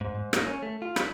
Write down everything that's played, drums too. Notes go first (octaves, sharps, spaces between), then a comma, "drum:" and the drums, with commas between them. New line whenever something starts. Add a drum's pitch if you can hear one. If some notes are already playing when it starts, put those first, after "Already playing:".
G#2
G#2
A#3, drum: rim click
C#4
A3
F4
B5, drum: rim click